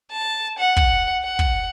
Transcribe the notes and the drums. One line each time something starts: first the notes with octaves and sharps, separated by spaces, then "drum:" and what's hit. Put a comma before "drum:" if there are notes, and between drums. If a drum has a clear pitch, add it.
A5
F#5
drum: kick
F#5
drum: kick